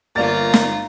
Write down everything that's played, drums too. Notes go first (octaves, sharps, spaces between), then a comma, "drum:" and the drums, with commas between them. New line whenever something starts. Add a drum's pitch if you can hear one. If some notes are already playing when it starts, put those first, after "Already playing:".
G1 A#3 F4 D5 A#5 A6
drum: snare